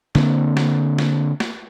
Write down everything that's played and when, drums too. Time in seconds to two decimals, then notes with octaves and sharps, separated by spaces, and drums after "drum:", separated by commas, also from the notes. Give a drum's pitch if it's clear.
0.15 D3 A#3 C4, drum: snare
0.57 drum: snare
0.99 drum: snare
1.40 drum: snare